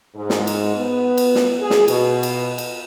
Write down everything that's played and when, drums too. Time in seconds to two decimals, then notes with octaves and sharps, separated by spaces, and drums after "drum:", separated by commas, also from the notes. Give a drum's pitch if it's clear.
0.14 G#2
0.30 drum: snare
0.47 drum: cymbal
0.76 B3
1.18 drum: cymbal
1.35 drum: snare
1.58 G#4
1.70 drum: snare
1.88 B2, drum: cymbal
2.23 drum: cymbal
2.58 drum: cymbal